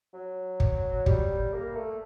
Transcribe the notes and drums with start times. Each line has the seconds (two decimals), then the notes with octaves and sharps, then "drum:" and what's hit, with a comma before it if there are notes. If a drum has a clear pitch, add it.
0.14 F#3
0.60 drum: kick
1.06 G3, drum: kick
1.53 A#3
1.76 A3